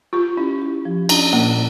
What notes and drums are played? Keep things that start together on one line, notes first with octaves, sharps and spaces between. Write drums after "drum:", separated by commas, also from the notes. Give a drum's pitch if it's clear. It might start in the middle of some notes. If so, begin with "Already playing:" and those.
F4 G4
C#4 E4
G4
F3
C#4 D4, drum: cymbal
A#2 A#3